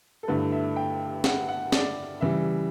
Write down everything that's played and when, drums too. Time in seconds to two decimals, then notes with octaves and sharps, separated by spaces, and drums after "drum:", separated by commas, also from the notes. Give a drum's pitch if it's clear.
0.23 A4
0.28 G2 D3 A3 E4 B4
0.52 E5
0.76 G5
1.24 F#5, drum: snare
1.48 F#5
1.72 D5, drum: snare
2.21 C#3 E3 G3 E5